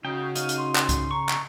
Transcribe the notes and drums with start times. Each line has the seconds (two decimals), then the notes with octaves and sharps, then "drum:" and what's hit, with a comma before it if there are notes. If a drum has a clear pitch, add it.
0.05 C#3 D#4 F#4 G5
0.35 C#4 D#4 F5, drum: hi-hat
0.49 drum: hi-hat
0.58 C6
0.76 drum: clap
0.89 drum: kick C2, hi-hat
1.11 A#5 C#6
1.29 drum: clap